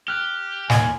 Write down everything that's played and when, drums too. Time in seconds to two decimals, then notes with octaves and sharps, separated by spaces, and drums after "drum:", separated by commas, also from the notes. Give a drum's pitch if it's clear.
0.08 G4 F6 F#6
0.70 D#2 A#2 G#5, drum: snare